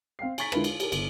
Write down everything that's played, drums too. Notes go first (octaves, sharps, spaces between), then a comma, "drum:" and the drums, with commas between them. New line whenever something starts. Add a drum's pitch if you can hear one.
C4 F5 G5 C7
G#5 A#5 C#6 A6 B6, drum: cymbal
D3 G#3 E4 F4 A#4 B4, drum: rim click
F4, drum: cymbal
G4 A#4, drum: cymbal
G1, drum: cymbal